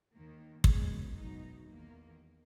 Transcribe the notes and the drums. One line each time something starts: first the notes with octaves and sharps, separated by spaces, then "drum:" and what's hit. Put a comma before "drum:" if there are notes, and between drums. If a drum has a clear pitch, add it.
D#2 D#3 A#3
D#2 C#3 F#3 G#3 B3 G#4, drum: kick
E2 B2 F#3 D#4
E2 D#3 A#3